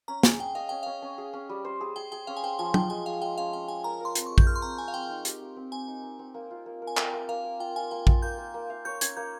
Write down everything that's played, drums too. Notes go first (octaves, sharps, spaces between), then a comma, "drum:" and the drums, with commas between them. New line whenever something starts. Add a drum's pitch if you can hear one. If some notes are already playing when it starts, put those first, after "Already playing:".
C#4 A#5
G#4 G#5, drum: snare
G#4 G5
D#5 F5
C#4 G5
C#4 F5
C#4
G#4
C#4
G3
C5
G#4
G#4 G5
G#4 G5
C#4 F5
G#5
C5 G5
F3 G#5
F3 G5, drum: tom
G#3 G#5
G#4 F5
G#3 G5
C#4 F5
C#4 G5
G#4 G#5
A#4 A#5
A#4
C6
C4, drum: hi-hat
C#6
G#3
G6, drum: kick A#1
A#4 F6
C6
C4 A#5
C4 G#5
F5
C4 G5
D#4
G4, drum: hi-hat
G4
C4
C4 G#5
D#4
D#4
C4
A#3
F4
A#3
A#4
G#5
A#4 G5, drum: clap
A#3
A#3 F5
A#4
F4 G5
F4 G#5
A#3 G5
F4, drum: kick A#1
A#3 G6
A#3
A#3
F5
C#5 G6
C#4 G#6, drum: hi-hat
A#3 G6